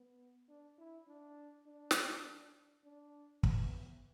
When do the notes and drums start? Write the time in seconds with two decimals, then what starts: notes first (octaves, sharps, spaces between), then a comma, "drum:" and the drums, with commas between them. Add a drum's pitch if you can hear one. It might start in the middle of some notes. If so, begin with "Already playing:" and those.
Already playing: B3
0.49 D4
0.78 E4
1.08 D4
1.67 D4
1.91 drum: snare
2.84 D4
3.43 B3, drum: kick